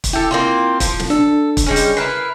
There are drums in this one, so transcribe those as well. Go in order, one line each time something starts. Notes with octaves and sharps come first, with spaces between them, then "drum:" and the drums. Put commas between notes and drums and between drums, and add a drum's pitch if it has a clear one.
drum: kick, hi-hat
E4 G4 A4
A#3 C4 F4
F3, drum: kick, hi-hat
drum: snare
D4 A4
drum: kick, hi-hat
G3 G#3 C#4
drum: hi-hat
E4 A#4 B4 C7